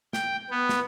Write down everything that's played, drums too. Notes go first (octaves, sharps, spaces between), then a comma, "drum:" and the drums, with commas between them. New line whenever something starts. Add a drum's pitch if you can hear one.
G5, drum: snare
B3
drum: snare